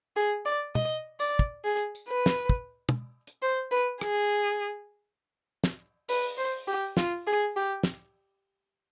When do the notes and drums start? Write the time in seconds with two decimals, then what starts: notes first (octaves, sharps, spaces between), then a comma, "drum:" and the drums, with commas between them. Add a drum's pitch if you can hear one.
0.16 G#4
0.45 D5
0.75 D#5, drum: tom B2
1.20 D5, drum: tambourine
1.39 drum: kick
1.64 G#4
1.77 drum: hi-hat
1.95 drum: tambourine
2.08 B4
2.26 drum: snare
2.49 drum: kick
2.89 drum: tom
3.27 drum: hi-hat
3.42 C5
3.71 B4
4.01 G#4, drum: rim click
5.64 drum: snare
6.09 B4, drum: open hi-hat
6.38 C5
6.68 G4
6.97 F4, drum: snare
7.27 G#4
7.57 G4
7.83 drum: snare